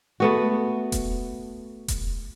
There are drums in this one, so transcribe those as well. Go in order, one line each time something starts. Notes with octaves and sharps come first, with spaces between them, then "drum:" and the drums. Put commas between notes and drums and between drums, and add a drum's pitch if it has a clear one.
A3 B3 F#4
drum: kick E1, hi-hat
drum: kick E1, hi-hat